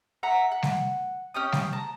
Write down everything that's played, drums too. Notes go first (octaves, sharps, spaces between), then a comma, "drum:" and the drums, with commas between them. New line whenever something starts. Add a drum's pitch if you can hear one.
E5 F#5 A#5
F#5
drum: snare G3
C#4 G4 D#6
drum: snare G3
A5 A#5